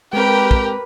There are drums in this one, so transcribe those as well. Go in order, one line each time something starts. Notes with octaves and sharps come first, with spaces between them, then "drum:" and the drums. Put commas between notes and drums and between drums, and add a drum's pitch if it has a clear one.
G#3 C4 G4 A#4 B4 G5
drum: kick